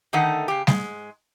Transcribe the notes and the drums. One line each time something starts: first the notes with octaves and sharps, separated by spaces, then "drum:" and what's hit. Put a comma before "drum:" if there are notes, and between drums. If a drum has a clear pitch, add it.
D3 D#3 A3 D#4 A4 F#5
C#3 G4
G#2 G#3, drum: snare